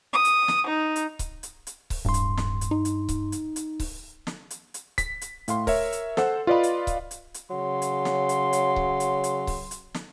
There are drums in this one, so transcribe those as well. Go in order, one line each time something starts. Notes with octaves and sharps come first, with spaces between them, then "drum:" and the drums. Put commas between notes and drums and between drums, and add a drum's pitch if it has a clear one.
D#6
drum: hi-hat
drum: snare
D#4
drum: hi-hat
drum: kick C#1, hi-hat
drum: hi-hat
drum: hi-hat
drum: kick C#1, open hi-hat
D1 G2 C6
drum: hi-hat
drum: snare
drum: hi-hat
D#4
drum: hi-hat
drum: kick C#1, hi-hat
drum: hi-hat
drum: hi-hat
drum: kick C#1, open hi-hat
drum: snare
drum: hi-hat
drum: hi-hat
B6, drum: kick C#1, hi-hat
drum: hi-hat
A2 F5 C6, drum: hi-hat
A#4 C#5 E5, drum: kick C#1, open hi-hat
drum: hi-hat
A4 C5 F#5 E6, drum: snare
F4 B4 D5 D#5 F5 B5
drum: hi-hat
drum: kick C#1, hi-hat
drum: hi-hat
drum: hi-hat
C#3 F#3 C6
drum: hi-hat
drum: snare
drum: hi-hat
drum: hi-hat
drum: kick C#1
drum: hi-hat
drum: hi-hat
drum: kick C#1, open hi-hat
drum: hi-hat
drum: snare